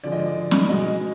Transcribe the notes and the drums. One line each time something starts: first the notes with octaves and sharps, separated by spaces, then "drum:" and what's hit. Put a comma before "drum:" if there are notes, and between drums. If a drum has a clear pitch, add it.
D3 F3 G#3 D5
D#5
D5
drum: snare
B2 G#3 D#5